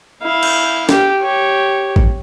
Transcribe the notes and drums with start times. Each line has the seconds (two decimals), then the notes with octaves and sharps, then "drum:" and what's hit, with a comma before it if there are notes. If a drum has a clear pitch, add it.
0.22 E4 F5
0.43 drum: cymbal
0.89 G4, drum: snare
1.22 G4 C#5
1.96 drum: kick A1